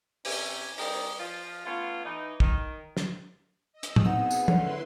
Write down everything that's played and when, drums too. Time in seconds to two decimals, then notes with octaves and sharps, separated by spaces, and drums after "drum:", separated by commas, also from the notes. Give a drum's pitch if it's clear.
0.25 C3 C#4 E4 G4 G#5, drum: open hi-hat
0.78 D#3 G3 C4 A#4 D#5, drum: open hi-hat
1.19 F3 F4
1.66 A3 B3 C#4 F4
2.05 E3 D#4
2.40 D#3, drum: kick
2.97 drum: snare
3.72 D#5 E6
3.83 drum: hi-hat
3.96 drum: tom
4.06 B2 B3 C4 D#4 G#4 F#5
4.31 drum: tambourine
4.48 D3 D#3 C#4 E4 B4 C6, drum: tom